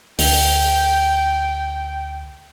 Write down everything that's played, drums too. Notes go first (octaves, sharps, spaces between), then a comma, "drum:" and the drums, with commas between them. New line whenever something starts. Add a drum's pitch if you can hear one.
D2 G5, drum: open hi-hat